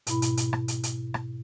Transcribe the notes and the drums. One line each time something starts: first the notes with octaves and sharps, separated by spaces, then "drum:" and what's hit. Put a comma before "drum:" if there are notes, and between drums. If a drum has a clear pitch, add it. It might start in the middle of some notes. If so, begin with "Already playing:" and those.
G#2 B2 E4 B5, drum: hi-hat
drum: hi-hat
drum: hi-hat
drum: rim click
drum: hi-hat
drum: hi-hat
drum: rim click